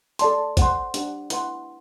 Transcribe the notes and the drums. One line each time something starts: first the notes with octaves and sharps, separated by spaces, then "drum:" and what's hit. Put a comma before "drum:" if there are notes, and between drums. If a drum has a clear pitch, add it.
A4 D5 A5 C6, drum: hi-hat
C5 F#5 C6, drum: kick A1, hi-hat
D4 G4 C5 F#5, drum: hi-hat
E4 B4 F#5 C6, drum: hi-hat